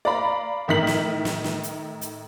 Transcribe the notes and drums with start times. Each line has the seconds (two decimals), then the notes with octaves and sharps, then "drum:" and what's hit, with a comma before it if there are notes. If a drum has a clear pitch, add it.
0.05 D5 F5 A#5 B5
0.68 A2 D#3 A#4 B6 F#7
0.87 drum: snare
1.25 drum: snare
1.44 drum: snare
1.63 drum: hi-hat
2.01 drum: hi-hat